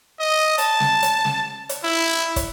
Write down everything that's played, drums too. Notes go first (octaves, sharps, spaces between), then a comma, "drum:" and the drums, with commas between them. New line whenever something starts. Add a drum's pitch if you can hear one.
D#5
A5, drum: hi-hat
drum: snare
drum: hi-hat
drum: snare
drum: hi-hat
E4
drum: kick, hi-hat